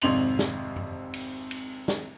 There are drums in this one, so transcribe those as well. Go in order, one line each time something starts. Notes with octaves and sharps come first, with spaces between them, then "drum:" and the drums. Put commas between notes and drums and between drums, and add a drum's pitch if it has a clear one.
G#1 F2 C3 C6 F7 F#7, drum: cymbal
drum: snare
drum: tom F#2
drum: cymbal
drum: cymbal
drum: snare